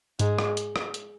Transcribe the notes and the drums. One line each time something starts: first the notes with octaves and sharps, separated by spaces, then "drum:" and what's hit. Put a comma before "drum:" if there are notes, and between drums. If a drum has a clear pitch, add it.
G#2 G#3, drum: hi-hat
drum: rim click
drum: hi-hat
drum: rim click
drum: hi-hat